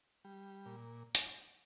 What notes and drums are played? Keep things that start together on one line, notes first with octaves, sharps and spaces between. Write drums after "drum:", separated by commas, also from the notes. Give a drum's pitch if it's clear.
G3
A#2
drum: hi-hat